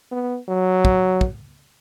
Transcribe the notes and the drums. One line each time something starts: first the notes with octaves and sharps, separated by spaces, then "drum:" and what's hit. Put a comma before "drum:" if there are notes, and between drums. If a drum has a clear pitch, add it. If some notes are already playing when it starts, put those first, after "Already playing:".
B3
F#3
drum: kick
drum: kick